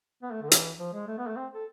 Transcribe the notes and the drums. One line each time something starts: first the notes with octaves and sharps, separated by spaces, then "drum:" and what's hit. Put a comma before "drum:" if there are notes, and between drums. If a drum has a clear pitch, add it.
B3
A3
D3
E3, drum: hi-hat
F3
G#3
A3
B3
A3
C4
A4